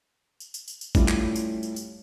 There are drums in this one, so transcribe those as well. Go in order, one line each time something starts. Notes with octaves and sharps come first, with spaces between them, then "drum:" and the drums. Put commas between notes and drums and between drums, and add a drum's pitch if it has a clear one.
drum: tambourine
drum: tambourine
drum: tambourine
drum: tambourine
G3 A3 C#4 E4 F4, drum: kick, tambourine
drum: clap
drum: tambourine
drum: tambourine
drum: tambourine